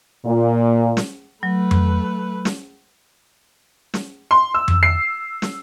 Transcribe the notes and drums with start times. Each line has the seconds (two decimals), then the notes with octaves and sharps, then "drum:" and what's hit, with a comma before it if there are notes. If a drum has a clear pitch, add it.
0.24 A#2
0.97 drum: snare
1.43 F#3 A3 B4
1.71 drum: tom F2
2.45 drum: snare
3.94 drum: snare
4.31 C6
4.54 E6
4.68 drum: tom F2
4.83 C7
5.42 drum: snare